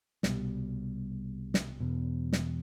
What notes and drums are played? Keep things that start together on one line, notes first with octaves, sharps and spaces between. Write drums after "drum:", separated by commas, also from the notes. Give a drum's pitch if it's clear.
C2 B2 G3, drum: snare
drum: snare
E1 E2 B2
drum: snare